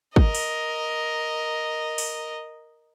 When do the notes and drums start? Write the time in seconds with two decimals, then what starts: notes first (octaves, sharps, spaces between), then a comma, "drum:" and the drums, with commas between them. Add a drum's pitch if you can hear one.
0.16 A#4 D#5, drum: kick
0.35 drum: open hi-hat
1.98 drum: open hi-hat